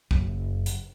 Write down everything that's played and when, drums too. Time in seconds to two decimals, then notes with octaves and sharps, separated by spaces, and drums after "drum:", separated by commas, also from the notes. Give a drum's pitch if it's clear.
0.11 F#1 F#2, drum: kick B1
0.66 drum: hi-hat